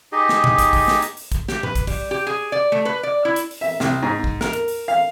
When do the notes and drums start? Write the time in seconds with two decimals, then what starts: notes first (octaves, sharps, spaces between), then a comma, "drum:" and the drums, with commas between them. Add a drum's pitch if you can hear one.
0.12 D#4 G4 G#4 D#5
0.29 drum: snare
0.44 drum: tom A#2
0.58 drum: kick, hi-hat
0.73 drum: kick, open hi-hat
0.88 drum: snare
1.02 drum: hi-hat
1.17 drum: open hi-hat
1.32 drum: kick, hi-hat
1.48 G4, drum: snare
1.63 B4, drum: tom A2
1.75 drum: kick, hi-hat
1.87 G3, drum: kick, open hi-hat
2.11 G4
2.27 G#4
2.52 D5
2.72 A3
2.85 B4
3.03 D5
3.25 E4
3.36 drum: hi-hat
3.51 drum: open hi-hat
3.61 E5
3.80 C2, drum: snare
4.03 G#2
4.24 drum: kick
4.41 A#4, drum: snare
4.53 drum: hi-hat
4.68 drum: open hi-hat
4.88 F5